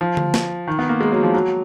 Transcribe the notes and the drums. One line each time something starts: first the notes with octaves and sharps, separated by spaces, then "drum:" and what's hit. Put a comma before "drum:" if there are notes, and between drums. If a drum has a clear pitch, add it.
F3
drum: tom D3
drum: snare
D#3
B3
A#3
G#3
F#3
F3
F#3